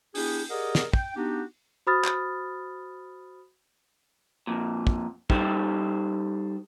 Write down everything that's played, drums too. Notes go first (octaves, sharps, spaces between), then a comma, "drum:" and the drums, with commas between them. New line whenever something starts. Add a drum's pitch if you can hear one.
B3 D4 E4 G4 G#4, drum: open hi-hat
G4 G#4 A#4 D5 D#5 F#5
drum: snare
G5, drum: kick
B3 D4 D#4 F#4 G4
F#4 C5 B5 D#6 F6 A6
drum: clap
F2 A#2
drum: kick
G3 D#4 G4 A4 C5 G5, drum: kick